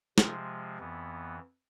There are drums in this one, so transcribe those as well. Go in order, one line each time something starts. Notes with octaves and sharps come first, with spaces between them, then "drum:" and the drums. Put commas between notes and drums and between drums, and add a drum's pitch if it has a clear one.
C3 F3 G#3, drum: snare
F2 E3 B3